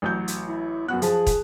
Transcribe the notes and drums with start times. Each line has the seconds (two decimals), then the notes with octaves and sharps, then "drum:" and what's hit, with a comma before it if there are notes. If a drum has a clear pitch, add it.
0.02 A1 F#3 G6
0.28 drum: hi-hat
0.48 E4
0.88 F#2 B3 F#4 F#6
1.02 F3 G#4 A5, drum: hi-hat
1.27 drum: kick, hi-hat